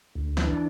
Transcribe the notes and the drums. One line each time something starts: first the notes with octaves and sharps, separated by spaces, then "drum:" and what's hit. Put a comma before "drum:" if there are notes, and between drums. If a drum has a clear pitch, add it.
D2
E3, drum: snare
D4